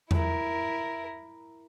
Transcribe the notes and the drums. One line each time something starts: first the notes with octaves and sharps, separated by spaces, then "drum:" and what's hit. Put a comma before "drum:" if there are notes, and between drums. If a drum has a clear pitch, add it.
E4 A#4, drum: tom E2